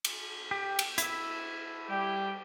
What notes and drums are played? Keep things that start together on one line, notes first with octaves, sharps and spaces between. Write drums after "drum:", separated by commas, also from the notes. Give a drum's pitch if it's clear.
drum: cymbal
G4
drum: cymbal
E4 E5, drum: hi-hat
G3 G4